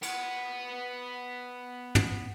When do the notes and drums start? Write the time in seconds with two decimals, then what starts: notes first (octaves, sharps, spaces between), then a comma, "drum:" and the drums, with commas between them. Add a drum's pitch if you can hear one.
0.03 B3 F#5, drum: cymbal
1.95 drum: tom